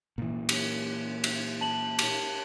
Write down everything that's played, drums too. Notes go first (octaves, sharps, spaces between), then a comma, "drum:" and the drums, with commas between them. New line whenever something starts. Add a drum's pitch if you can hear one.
A#2 E3
drum: cymbal
drum: cymbal
A5 F#7
drum: cymbal